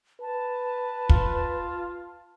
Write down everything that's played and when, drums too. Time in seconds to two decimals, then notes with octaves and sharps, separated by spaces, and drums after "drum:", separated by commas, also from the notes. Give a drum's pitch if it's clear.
0.21 B4 A5
1.09 F4, drum: kick